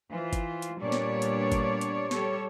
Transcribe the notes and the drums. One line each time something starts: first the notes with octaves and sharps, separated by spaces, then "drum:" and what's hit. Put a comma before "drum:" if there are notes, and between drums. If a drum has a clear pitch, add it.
E3 F4 C5
drum: kick G1, hi-hat
drum: hi-hat
A#2 G3 B3 D4 C#5 D5
drum: snare
drum: hi-hat
drum: kick G1, hi-hat
drum: hi-hat
G3 G4 A4 C#5, drum: snare